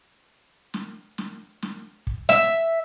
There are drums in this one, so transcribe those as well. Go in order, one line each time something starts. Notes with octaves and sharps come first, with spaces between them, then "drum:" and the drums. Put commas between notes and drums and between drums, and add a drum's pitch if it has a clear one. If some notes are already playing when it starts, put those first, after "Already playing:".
drum: snare
drum: snare
drum: snare
drum: kick
E5, drum: snare